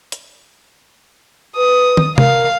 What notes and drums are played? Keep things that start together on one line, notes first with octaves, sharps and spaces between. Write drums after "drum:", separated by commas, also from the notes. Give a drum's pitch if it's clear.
drum: hi-hat
B4 D#6
drum: tom
A#4 F5, drum: tom C3